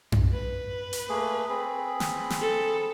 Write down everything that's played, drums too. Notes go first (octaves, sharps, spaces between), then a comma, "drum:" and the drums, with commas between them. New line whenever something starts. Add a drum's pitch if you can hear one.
drum: tom F#2
B4
drum: hi-hat
A3 A#3 G#4
C4 G#4 B5
drum: snare
drum: snare
A4